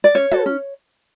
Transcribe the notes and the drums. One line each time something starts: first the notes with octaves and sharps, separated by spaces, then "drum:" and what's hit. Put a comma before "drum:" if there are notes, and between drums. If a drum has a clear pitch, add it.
D5
C#4 C#5
F#4 A4, drum: tom
C#4